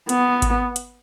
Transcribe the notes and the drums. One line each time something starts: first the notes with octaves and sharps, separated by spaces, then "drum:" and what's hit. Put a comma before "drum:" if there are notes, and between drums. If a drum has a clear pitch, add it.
B3, drum: hi-hat
drum: kick G#1, hi-hat
drum: hi-hat